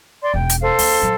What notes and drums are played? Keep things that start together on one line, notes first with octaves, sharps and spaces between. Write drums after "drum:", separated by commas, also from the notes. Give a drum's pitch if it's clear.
D5 C6
E1 D#4 G5
drum: hi-hat
A4 C5 F5
C#2, drum: open hi-hat
A#2 F#3